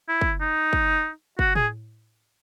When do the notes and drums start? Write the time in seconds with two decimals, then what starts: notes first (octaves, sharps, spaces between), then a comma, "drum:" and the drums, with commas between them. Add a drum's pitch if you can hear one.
0.08 E4
0.21 drum: kick
0.41 D#4
0.73 drum: kick
1.39 F#4, drum: kick
1.55 G#4, drum: tom A2